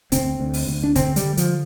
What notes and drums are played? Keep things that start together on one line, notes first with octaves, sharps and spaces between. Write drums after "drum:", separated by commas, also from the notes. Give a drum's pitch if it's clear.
D2 C4, drum: kick, hi-hat
D2
drum: open hi-hat
D2
D4
D3 C4, drum: kick, hi-hat
G3, drum: hi-hat
D3
F3, drum: hi-hat